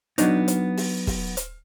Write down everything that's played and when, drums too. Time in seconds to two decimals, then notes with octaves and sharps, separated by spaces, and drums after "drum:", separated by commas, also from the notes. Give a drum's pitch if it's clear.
0.18 F#3 B3 D4 D#4, drum: hi-hat
0.48 drum: hi-hat
0.77 drum: open hi-hat
1.07 drum: kick, open hi-hat
1.37 drum: hi-hat